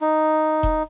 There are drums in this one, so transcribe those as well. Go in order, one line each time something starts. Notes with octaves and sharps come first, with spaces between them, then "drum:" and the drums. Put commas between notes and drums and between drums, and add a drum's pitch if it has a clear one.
D#4
drum: kick E1